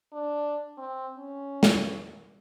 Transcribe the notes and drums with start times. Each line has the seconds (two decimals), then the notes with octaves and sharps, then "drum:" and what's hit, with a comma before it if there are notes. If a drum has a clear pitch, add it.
0.12 D4
0.78 C4
1.17 C#4
1.63 drum: snare